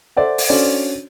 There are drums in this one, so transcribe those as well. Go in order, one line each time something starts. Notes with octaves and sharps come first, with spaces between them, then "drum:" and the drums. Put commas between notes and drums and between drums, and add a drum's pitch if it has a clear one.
A4 C5 D5 E5 F#5
drum: open hi-hat
C#4 D4 F#4 A4 C5 D5